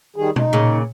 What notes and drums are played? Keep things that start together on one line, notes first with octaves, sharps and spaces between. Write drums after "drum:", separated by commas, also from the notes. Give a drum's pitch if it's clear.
D#3 G3 G#4
D#4, drum: tom B2
A#2 C#3